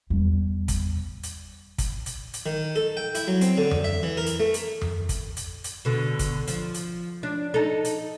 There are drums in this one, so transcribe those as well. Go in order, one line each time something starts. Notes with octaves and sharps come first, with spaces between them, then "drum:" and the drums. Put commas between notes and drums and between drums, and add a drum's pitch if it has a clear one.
E2 G3
drum: kick, hi-hat
drum: hi-hat
drum: kick, hi-hat
drum: hi-hat
drum: hi-hat
D#3
A4
G5
E4, drum: hi-hat
F#3
C4, drum: hi-hat
D3
drum: tom F2
E5
E3
A#4
drum: hi-hat
A3
drum: hi-hat
drum: tom F2
drum: kick, hi-hat
drum: hi-hat
drum: hi-hat
B2 D3
drum: kick, hi-hat
F3, drum: hi-hat
drum: hi-hat
D4
D#4 A4
drum: hi-hat